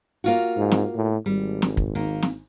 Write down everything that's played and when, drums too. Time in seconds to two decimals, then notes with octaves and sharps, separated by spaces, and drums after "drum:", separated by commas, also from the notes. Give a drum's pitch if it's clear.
0.24 A#3 F4 F#4
0.56 G#2
0.72 drum: snare
0.95 A2
1.26 G#1 G3
1.62 drum: snare
1.77 drum: kick
1.95 D#3 A#3
2.23 drum: snare